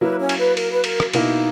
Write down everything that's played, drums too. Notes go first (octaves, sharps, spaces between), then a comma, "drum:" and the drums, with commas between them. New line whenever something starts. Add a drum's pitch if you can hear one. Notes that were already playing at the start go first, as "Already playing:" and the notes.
F#3 A#3 E4 B4
C#4 C#5
drum: cymbal
B4
A#4, drum: cymbal
B4
A#4, drum: cymbal
drum: rim click
B2 A#3 D#4 E4, drum: cymbal